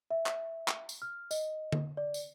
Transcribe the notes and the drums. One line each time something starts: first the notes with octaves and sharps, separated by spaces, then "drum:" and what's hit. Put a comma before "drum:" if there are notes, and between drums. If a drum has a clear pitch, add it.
E5
drum: clap
drum: clap
drum: tambourine
F6
D#5, drum: tambourine
drum: tom D3
D5
drum: tambourine